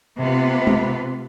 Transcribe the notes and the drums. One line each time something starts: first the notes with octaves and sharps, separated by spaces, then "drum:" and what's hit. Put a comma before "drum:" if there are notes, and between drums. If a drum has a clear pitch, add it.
C3 A3 B3 F4 B4
drum: tom